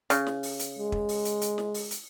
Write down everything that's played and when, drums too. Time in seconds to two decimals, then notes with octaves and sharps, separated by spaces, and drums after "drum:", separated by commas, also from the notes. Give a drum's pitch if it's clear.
0.10 C#3, drum: hi-hat
0.27 drum: snare
0.43 drum: open hi-hat
0.59 drum: hi-hat
0.79 G#3
0.92 drum: kick
1.09 drum: open hi-hat
1.25 drum: hi-hat
1.41 drum: hi-hat
1.58 drum: snare
1.74 drum: open hi-hat
1.91 drum: hi-hat